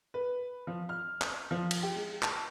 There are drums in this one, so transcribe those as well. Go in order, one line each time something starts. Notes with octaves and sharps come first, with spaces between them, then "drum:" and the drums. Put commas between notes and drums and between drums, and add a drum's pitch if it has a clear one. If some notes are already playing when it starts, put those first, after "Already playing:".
B4
F3
F6
drum: clap
F3
drum: cymbal
G4
G#3
A5, drum: clap